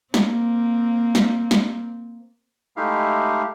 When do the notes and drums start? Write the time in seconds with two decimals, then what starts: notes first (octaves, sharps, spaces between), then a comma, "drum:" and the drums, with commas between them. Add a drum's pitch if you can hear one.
0.14 A#3 C4, drum: snare
1.15 drum: snare
1.51 drum: snare
2.77 G#3 A3 D#4 E4 G4 F5